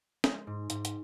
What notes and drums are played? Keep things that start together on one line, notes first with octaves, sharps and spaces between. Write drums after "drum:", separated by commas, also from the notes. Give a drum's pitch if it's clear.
G#3, drum: snare
G#2
G#2, drum: hi-hat
drum: hi-hat